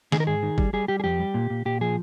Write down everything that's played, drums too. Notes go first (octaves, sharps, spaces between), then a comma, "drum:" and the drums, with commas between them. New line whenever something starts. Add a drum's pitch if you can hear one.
D#3 G#4, drum: snare
A#4
G#2 G#4
D#3
G3, drum: kick
G3 G#4
G3 G4
G#4
F2 G4
G3
A#2
A#2
A#2 G4
F3 G#4